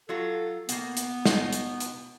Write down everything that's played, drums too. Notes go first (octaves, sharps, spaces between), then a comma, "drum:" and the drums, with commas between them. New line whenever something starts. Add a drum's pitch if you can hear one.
F#3 F4 F#4 A4
B2 A#3 B3, drum: hi-hat
drum: hi-hat
B2 D#4, drum: snare
drum: hi-hat
drum: hi-hat